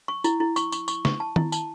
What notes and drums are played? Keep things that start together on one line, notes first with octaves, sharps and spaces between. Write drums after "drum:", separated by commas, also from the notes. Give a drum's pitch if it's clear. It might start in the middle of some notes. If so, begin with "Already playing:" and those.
C#6
E4, drum: tambourine
E4
C#6, drum: tambourine
C#6, drum: tambourine
C#6, drum: tambourine
C#6, drum: snare
A5
E4, drum: tom D#3
A5, drum: tambourine